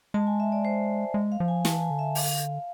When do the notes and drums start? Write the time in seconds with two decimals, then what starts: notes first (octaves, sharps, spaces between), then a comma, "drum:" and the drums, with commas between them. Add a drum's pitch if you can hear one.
0.14 G#3 A5
0.27 G#5
0.40 E5
0.52 D5
0.65 C5
1.14 G#3
1.32 F5
1.40 F3
1.48 G#5
1.65 E3 A5, drum: snare
1.82 G#5
1.90 D3
1.99 E5
2.15 F5, drum: open hi-hat